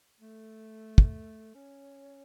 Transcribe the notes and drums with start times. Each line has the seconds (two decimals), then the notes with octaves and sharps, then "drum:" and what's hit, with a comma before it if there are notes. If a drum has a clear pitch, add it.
0.20 A3 A4
0.98 drum: kick
1.55 C#4 C#5